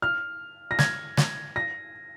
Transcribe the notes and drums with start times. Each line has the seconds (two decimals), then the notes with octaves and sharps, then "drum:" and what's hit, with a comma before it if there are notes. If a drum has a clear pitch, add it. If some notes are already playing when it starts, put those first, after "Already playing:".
0.02 F6
0.71 A#6
0.79 G#6, drum: snare
1.17 drum: snare
1.56 A#6